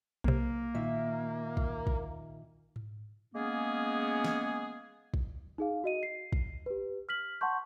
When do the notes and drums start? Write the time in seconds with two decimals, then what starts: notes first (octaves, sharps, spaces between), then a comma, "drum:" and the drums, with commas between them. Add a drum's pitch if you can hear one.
0.24 B1 C3 A#3
0.74 A#2 D#3 E5
1.57 drum: kick
1.87 drum: kick
2.76 drum: tom G#2
3.34 G#3 A#3 B3 C#4 G#4
4.24 drum: snare
5.14 drum: kick
5.58 D#4 G#4 F5
5.84 F#4 D#5 D#7
6.03 C7
6.32 drum: kick
6.66 G4 B4
7.09 F6 B6 F#7
7.41 F#5 A5 C6 C#6 G6